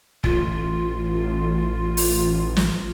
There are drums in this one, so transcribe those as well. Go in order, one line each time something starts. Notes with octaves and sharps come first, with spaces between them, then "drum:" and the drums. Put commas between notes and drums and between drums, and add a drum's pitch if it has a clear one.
A1 F4, drum: kick
drum: open hi-hat
drum: snare